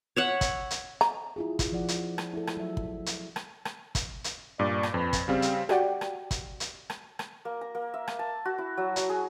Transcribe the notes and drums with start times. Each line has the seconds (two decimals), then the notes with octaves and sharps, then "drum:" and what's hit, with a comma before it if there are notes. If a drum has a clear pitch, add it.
0.16 C#5 E5 F#5
0.41 drum: kick, hi-hat
0.71 drum: hi-hat
1.01 A#5, drum: rim click
1.36 E4 F4 G#4
1.59 drum: kick, hi-hat
1.72 F3 D5 F#5
1.88 drum: hi-hat
2.18 drum: rim click
2.33 E4 A4
2.47 drum: rim click
2.57 F#3 E5
2.77 drum: kick
3.06 drum: hi-hat
3.36 drum: rim click
3.65 drum: rim click
3.95 drum: kick, hi-hat
4.24 drum: hi-hat
4.59 G2 A#2 D5
4.83 drum: rim click
4.94 F2 B4
5.13 drum: kick, hi-hat
5.28 C#3 G3 C4 F5
5.42 drum: hi-hat
5.69 F#4 G4 D5 F#5 G5, drum: rim click
6.01 drum: rim click
6.31 drum: kick, hi-hat
6.60 drum: hi-hat
6.90 drum: rim click
7.19 drum: rim click
7.45 A#3
7.61 A#5
7.75 A#3
7.94 E5
8.08 drum: rim click
8.19 A5
8.45 F#4
8.58 E4
8.77 F#3
8.96 F#3, drum: hi-hat
9.09 G#4